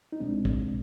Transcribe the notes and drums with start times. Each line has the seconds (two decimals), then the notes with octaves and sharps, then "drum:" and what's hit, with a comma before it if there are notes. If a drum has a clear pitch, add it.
0.12 D#4
0.20 C2 B2 G#3 C4 D4
0.45 drum: kick